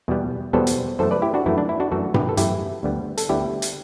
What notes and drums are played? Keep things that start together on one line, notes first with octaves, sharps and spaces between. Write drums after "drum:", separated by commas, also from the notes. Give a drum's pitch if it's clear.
E2 B2 G3 B3
E2 B2 G3 B3 A4 C5
drum: hi-hat
F#2 E3 A3 A4 C5
B4 D5
E4 G4
D4 F#4
F#2 E3 A3 E4
D4
E4
D4 F#4
F#2 E3 A3 F#4 A4
G4 B4, drum: tom G2
A4
F#2 E3 A3 E4 G4, drum: hi-hat
D2 D3 G3 B3
A4, drum: hi-hat
D2 D3 G3 B3 E4 G4
drum: hi-hat